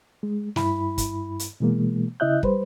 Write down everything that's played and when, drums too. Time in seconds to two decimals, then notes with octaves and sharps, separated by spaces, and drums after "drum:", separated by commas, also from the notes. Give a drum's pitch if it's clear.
0.23 G#3
0.56 G2 E4 B5, drum: snare
0.98 drum: kick, hi-hat
1.39 drum: hi-hat
1.60 B2 E3 G#3 A#3
2.20 C#3 E4 D#5 E5 F#6 G6
2.43 G3 B4 C5, drum: kick